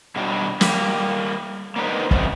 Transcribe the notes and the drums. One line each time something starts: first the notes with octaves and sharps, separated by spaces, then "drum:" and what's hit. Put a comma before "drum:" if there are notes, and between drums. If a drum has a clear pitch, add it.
B2 F#3 G3 D4
G3 A#3, drum: snare
A#3 B3 D4 D#4 B4 C5
C3 G3 B3 C#4 D#4, drum: kick